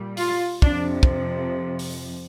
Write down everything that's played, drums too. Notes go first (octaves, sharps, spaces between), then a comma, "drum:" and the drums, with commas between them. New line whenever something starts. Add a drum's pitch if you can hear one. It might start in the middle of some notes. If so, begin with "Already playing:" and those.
Already playing: A#2 G3
F4, drum: open hi-hat
F2 C3 F3 D4, drum: kick
drum: kick
drum: open hi-hat